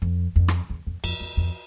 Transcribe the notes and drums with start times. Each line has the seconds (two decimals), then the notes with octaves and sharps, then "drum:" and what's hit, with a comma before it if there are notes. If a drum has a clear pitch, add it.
0.02 F2
0.36 F2
0.48 drum: rim click
0.70 E2
0.87 F2
1.04 F2, drum: cymbal
1.20 F2
1.37 F2